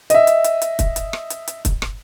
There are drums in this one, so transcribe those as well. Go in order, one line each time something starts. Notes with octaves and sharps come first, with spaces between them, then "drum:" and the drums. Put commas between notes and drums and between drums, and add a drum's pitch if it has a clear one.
D#5 E5, drum: hi-hat
drum: hi-hat
drum: hi-hat
drum: hi-hat
drum: kick, hi-hat
drum: hi-hat
drum: rim click
drum: hi-hat
drum: hi-hat
drum: kick, hi-hat
drum: rim click